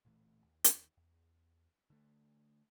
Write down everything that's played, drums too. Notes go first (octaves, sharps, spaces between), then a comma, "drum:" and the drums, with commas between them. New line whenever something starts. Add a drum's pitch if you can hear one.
D1 A#2 E3 A3
D#2
drum: hi-hat
E2
D3 A3